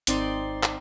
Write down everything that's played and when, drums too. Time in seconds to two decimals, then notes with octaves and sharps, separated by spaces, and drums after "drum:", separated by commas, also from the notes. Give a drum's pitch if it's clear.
0.07 G#1 C4 D#4 D5 C6, drum: hi-hat
0.63 drum: clap